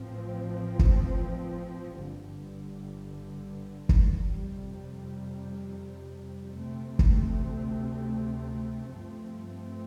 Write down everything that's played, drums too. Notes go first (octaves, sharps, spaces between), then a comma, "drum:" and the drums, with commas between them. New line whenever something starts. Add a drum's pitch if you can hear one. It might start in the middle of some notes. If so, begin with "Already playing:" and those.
Already playing: A1 A2 F3 C4
drum: kick
G1 G2 D3 G3
drum: kick
F2 C3 G3
D2 C3 A3 C4
drum: kick
G2 F3 A3 C4